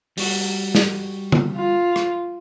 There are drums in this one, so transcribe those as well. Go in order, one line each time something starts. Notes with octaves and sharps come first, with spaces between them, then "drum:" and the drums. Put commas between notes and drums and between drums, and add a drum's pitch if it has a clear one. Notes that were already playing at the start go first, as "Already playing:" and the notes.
G3 F#4, drum: open hi-hat
drum: snare
drum: tom D3
F4
drum: rim click